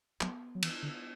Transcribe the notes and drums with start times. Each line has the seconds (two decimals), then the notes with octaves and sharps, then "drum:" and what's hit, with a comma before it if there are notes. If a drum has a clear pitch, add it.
0.21 F#3 B3, drum: clap
0.55 F#3
0.62 E3, drum: cymbal
0.83 D3